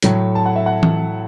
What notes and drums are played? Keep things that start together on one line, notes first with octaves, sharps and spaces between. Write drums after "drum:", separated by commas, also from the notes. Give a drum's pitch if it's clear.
A2 F#3 A3 C#5, drum: hi-hat
A5
F#5
E5
F#5
drum: tom E3